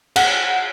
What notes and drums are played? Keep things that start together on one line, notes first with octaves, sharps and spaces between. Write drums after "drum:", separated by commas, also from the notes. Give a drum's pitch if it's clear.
F#5, drum: cymbal